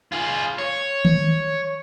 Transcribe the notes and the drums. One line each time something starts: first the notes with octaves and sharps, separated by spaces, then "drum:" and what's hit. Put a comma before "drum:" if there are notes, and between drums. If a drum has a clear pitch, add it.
F4 G#4
C#5
drum: tom D#3